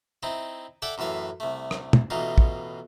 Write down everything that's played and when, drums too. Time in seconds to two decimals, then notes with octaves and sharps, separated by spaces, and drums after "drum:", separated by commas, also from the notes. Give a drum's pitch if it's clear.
0.23 C4 D#4 E4
0.82 A4 D5 E5 F#5 G5 A5
0.98 F#2 A2 E3 E5 F5
1.40 C2 A3
1.71 drum: rim click
1.93 drum: tom
2.10 A1 B2 E3 D#4 F4
2.38 drum: kick